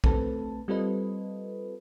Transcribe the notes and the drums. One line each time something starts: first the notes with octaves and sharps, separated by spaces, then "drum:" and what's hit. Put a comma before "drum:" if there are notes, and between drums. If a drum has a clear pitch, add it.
A3 C4 A4 B4 A5, drum: kick A#1
G3 C4 F4 A4 B4 D#5